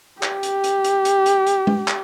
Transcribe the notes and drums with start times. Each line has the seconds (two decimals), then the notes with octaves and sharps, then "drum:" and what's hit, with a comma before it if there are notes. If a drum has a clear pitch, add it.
0.23 G4, drum: clap
0.43 drum: hi-hat
0.64 drum: hi-hat
0.84 drum: hi-hat
1.05 drum: hi-hat
1.26 drum: hi-hat
1.46 drum: hi-hat
1.67 drum: tom G#3
1.88 drum: clap